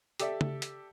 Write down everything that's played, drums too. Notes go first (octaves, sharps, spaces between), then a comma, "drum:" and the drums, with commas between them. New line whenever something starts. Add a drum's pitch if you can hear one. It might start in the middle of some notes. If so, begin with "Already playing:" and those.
G4 A4 D5 E5, drum: hi-hat
drum: tom C#3
drum: hi-hat